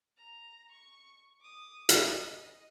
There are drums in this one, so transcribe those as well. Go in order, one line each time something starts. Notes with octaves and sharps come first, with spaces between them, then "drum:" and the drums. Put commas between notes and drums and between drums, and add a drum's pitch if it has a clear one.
A#5
C#6
D6 D#6
drum: hi-hat
D#5